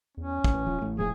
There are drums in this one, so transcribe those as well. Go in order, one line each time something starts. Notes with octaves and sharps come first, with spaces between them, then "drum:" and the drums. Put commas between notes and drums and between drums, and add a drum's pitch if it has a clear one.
E2 C#4
drum: kick
A1 E3
D#1 F3
A1 A2 A3
D#1 A2 F3 G#4